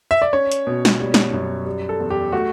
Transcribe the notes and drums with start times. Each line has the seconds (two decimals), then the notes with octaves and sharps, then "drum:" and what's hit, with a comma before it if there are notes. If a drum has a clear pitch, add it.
0.11 E5
0.22 D5
0.33 C#4 C#5
0.52 drum: hi-hat
0.67 B2
0.85 drum: snare
1.00 G3
1.14 drum: snare
1.33 F#2
1.66 G3
1.89 A4
2.00 E2
2.10 G4
2.32 A3 F#4